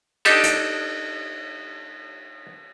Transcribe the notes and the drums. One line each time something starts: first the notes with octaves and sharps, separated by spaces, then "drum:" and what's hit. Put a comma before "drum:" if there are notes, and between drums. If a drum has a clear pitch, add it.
D4 D#4 G4 A4, drum: cymbal
drum: hi-hat